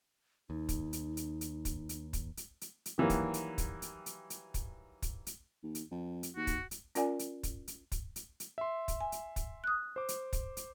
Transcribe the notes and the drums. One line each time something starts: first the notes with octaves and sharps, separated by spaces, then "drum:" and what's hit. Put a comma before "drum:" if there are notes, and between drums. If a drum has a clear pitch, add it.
D#2 D#4
drum: kick, hi-hat
drum: hi-hat
drum: hi-hat
drum: hi-hat
drum: kick, hi-hat
drum: hi-hat
drum: kick, hi-hat
drum: hi-hat
drum: hi-hat
drum: hi-hat
D#3 E3 F#3 G3 A#3
drum: kick, hi-hat
drum: hi-hat
drum: kick, hi-hat
drum: hi-hat
drum: hi-hat
drum: hi-hat
drum: kick, hi-hat
drum: kick, hi-hat
drum: hi-hat
D#2
drum: hi-hat
F2
drum: hi-hat
D#2 F#4
drum: kick, hi-hat
drum: hi-hat
C#4 F4 A#4 D5 F#5 G#5, drum: hi-hat
drum: hi-hat
drum: kick, hi-hat
drum: hi-hat
drum: kick, hi-hat
drum: hi-hat
drum: hi-hat
E5 C6
drum: kick, hi-hat
G#5
drum: hi-hat
drum: kick, hi-hat
D#6 F#6
C5 D6
drum: hi-hat
drum: kick, hi-hat
drum: hi-hat